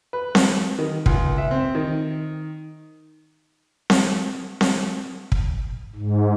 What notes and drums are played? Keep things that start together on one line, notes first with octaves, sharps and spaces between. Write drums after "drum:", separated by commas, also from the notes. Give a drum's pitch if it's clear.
B4
drum: snare C4
D#3
C#2, drum: kick
E5
C4
D#3
drum: snare C4
drum: snare C4
drum: kick
G#2